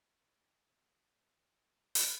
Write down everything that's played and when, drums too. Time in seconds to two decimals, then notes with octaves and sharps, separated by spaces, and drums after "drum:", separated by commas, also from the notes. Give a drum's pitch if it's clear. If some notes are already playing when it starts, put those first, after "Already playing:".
0.08 C6 E6
1.13 F#2 C#4
1.95 drum: open hi-hat